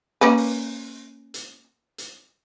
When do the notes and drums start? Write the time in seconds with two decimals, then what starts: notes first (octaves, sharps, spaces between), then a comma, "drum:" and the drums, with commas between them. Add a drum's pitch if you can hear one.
0.21 A#3 C#4 B4
0.37 drum: open hi-hat
1.34 drum: hi-hat
1.98 drum: hi-hat